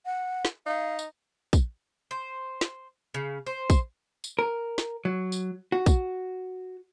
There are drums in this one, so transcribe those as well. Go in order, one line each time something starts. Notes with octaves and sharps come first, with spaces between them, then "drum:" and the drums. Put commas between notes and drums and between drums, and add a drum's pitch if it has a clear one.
F#5
drum: snare
D#4 F5
drum: tambourine
drum: kick, tambourine
C5
drum: snare
C#3
C5
drum: kick, tambourine
drum: tambourine
A#4
drum: snare
F#3
drum: tambourine
F#4
drum: kick, tambourine